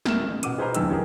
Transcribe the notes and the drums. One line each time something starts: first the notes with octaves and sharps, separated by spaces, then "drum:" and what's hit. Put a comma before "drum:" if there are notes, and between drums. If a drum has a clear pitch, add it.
D#1 A3 A#4 F6 E7, drum: snare
A1
B2 F#5 D6 D#7, drum: hi-hat
G#4 B4 C5 D#5 A#5 F6
D1 B1 E2 D3 G5 E6, drum: hi-hat
C#4 G4 G#4 A#4